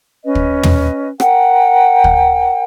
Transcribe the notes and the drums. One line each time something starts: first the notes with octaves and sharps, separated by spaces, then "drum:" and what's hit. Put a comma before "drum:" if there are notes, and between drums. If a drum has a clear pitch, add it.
C#4 B4 D#5
drum: kick
drum: tom
A#4 F#5 G5, drum: rim click
drum: kick